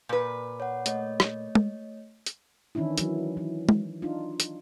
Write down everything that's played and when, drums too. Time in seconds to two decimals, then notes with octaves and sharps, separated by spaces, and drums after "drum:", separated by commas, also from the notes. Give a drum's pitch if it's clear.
0.09 A#2 B4
0.60 C#5 F#5
0.86 A3 C#5 D#5, drum: hi-hat
1.20 drum: rim click
1.55 drum: tom
2.26 drum: hi-hat
2.75 D#3 E3 C#4 D4 E4
2.98 E3 F#3, drum: hi-hat
3.37 E3
3.69 drum: tom
4.02 D4 D#4 F4
4.40 drum: hi-hat